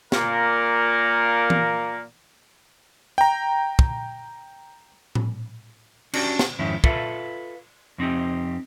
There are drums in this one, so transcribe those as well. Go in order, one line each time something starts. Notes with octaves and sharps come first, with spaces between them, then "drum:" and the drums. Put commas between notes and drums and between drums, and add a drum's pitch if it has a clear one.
A#2 A#3 A#4, drum: snare
drum: tom E3
G5 A#5
drum: kick
drum: tom A2
C#4 D4 F#4 G4, drum: cymbal
drum: snare
F2 G#2 D#3 C#4 E4
F4 A4 B4 E5 F5, drum: kick
F2 C4 D#4 G4